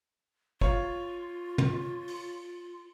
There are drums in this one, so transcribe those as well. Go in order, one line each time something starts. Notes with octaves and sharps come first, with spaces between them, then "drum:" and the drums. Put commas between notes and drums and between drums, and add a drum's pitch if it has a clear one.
F4 C#5 F5, drum: kick
drum: tom
drum: open hi-hat